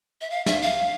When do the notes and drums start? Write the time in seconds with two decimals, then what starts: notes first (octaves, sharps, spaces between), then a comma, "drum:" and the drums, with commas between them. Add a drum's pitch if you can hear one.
0.21 E5
0.30 F5
0.46 E5, drum: snare
0.62 F5